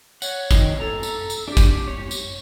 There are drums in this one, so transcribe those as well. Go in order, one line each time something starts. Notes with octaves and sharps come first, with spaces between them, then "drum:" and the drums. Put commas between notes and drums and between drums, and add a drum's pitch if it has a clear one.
C#5 F#5, drum: tambourine
D#3, drum: kick, tambourine
A4 A#5
drum: tambourine
drum: tambourine
D4 G4 D5
drum: kick, tambourine
C#5
drum: tambourine